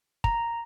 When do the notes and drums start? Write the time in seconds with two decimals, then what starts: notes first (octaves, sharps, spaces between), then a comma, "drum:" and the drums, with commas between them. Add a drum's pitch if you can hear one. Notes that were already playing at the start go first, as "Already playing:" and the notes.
0.24 A#5, drum: kick